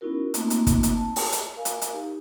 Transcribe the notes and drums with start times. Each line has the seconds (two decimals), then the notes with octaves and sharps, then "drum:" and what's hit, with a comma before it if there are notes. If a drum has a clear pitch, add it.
0.01 B3 C#4 D#4 E4 F#4 A#4
0.34 A3 A#3 C4 D#4 F4, drum: hi-hat
0.50 drum: hi-hat
0.67 drum: kick, hi-hat
0.83 drum: hi-hat
0.94 A5
1.16 drum: open hi-hat
1.32 drum: hi-hat
1.56 A#4 F5 G#5
1.65 drum: hi-hat
1.82 drum: hi-hat
1.93 D#4 G4